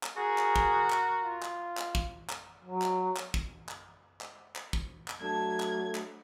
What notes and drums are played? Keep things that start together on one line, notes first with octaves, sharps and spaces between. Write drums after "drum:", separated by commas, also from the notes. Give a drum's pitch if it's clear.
drum: clap
F#4 G#4 A#4
drum: clap
drum: kick
drum: clap
F4
drum: clap
drum: clap
drum: kick
drum: clap
F#3
drum: clap
drum: clap
drum: kick
drum: clap
drum: clap
drum: clap
drum: kick
drum: clap
F#3 A3 D4 G#6
drum: clap
drum: clap